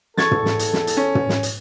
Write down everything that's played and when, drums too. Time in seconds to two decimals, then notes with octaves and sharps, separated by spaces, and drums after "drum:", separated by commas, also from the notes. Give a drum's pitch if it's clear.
0.18 E2 A4 C#6 G#6 A6, drum: snare
0.31 drum: tom
0.45 drum: snare
0.59 drum: hi-hat
0.73 drum: snare
0.87 drum: hi-hat
0.97 C#4
1.15 drum: tom
1.29 drum: snare
1.43 drum: hi-hat